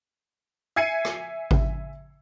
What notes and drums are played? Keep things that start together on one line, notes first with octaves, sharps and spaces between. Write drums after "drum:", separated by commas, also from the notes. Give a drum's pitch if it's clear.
E5 G#5 G#6 C7 C#7 D#7
drum: rim click
drum: kick G#1